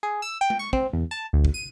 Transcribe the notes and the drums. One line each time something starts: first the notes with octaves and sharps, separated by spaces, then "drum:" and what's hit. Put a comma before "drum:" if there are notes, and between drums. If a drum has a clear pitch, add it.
G#4
E6
G5
drum: tom G#3
C#6
C4, drum: kick
E2
A5
D2
drum: kick
D#7